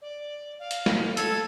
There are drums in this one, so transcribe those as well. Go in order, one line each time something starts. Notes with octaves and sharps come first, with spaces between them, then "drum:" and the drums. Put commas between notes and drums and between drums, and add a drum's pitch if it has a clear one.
D5
F5
drum: hi-hat
drum: snare
A4 G#6, drum: hi-hat